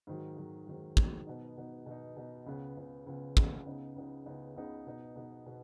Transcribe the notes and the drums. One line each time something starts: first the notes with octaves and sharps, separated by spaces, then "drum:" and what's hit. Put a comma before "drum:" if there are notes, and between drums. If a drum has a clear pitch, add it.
G#2 D#3 F#3
G#2 D#3 F#3
G#2 D#3 F#3
G#2 D#3 F#3, drum: kick
B2 B3 D#4
B2 B3 D#4
B2 B3 D#4
B2 B3 D#4
C#2 C#3 B3
C#2 C#3 B3
C#2 C#3 B3
C#2 C#3 B3, drum: kick
C#2 C#3 B3 D#4
C#2 C#3 B3 D#4
C#2 C#3 B3 D#4
C#2 C#3 B3 D#4
B2 B3 D#4
B2 B3 D#4
B2 B3